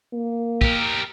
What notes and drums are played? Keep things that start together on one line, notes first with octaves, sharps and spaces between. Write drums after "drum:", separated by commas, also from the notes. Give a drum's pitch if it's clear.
A#3
G4 A#4, drum: kick